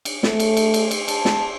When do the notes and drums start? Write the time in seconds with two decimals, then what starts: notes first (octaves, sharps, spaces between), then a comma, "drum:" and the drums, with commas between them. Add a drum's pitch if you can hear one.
0.05 drum: cymbal
0.23 A3, drum: snare
0.40 drum: cymbal
0.57 drum: cymbal
0.74 drum: cymbal
0.91 drum: cymbal
1.08 A5, drum: cymbal
1.25 drum: snare